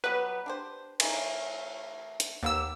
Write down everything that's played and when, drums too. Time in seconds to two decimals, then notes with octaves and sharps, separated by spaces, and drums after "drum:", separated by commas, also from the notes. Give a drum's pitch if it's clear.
0.04 F#3 G3 B3 B4
0.46 D4 G4 C5
1.00 E3 A3 D#4, drum: cymbal
2.20 drum: hi-hat
2.43 D#2 A#3 B3 G4 E6